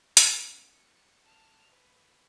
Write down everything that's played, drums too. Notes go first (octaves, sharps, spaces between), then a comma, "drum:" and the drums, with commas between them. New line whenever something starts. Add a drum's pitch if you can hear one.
B3 C#4, drum: hi-hat
C#7
A5 F6
B4